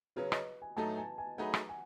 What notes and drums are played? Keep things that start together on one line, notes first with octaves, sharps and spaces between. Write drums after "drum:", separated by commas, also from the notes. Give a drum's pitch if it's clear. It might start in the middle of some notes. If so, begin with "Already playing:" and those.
C#3 F#3 C#4 B4
D#5, drum: rim click
G#5
A2 F#3 A3 D#4 A4 A5
G#5
G#5
F#3 A3 D#4 G#4 B4 F#5
drum: rim click
G#5